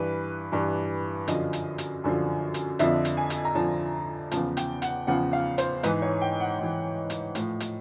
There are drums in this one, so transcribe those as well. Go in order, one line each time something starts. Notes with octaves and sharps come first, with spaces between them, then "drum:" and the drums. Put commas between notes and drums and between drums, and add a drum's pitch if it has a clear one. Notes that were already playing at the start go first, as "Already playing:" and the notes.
Already playing: G2 E3 B4
G2 E3
F#2 D3 F3 D#5, drum: hi-hat
drum: hi-hat
drum: hi-hat
F#2 D3 F3
drum: hi-hat
F2 D3 F3 E5, drum: hi-hat
drum: hi-hat
G#5
drum: hi-hat
A#5
F2 D3 F3 A5
E2 C#3 F3 A5, drum: hi-hat
G5, drum: hi-hat
F#5, drum: hi-hat
E2 C#3 F3 F#5
F5
C5, drum: hi-hat
G#2 E3 B4, drum: hi-hat
C#5
G5
F#5
G#2 E3
drum: hi-hat
A2 F3, drum: hi-hat
drum: hi-hat